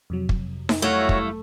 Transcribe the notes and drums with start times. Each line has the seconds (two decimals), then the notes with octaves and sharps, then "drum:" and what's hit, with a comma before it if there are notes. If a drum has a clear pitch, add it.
0.10 F2 C3 F#3
0.29 drum: kick
0.69 drum: snare D#4
0.82 G3 A3 E4 F#4 C#5 F5
1.09 drum: kick